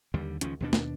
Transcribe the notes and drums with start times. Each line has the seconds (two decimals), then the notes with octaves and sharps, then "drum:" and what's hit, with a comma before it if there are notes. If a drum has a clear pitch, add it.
0.14 D#2 D3 G3
0.41 C#2 D#3 F3 C#4, drum: hi-hat
0.60 D#2 B2 D4
0.73 drum: snare